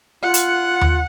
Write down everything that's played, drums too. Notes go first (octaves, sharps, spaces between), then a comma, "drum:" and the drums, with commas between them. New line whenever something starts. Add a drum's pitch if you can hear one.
F4 F#5
drum: hi-hat
drum: tom D#2